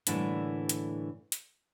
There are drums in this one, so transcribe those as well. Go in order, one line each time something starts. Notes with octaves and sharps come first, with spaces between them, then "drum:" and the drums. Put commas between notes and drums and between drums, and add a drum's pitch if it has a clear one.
A2 D3 E3 G3 A3 A#3, drum: hi-hat
drum: hi-hat
drum: hi-hat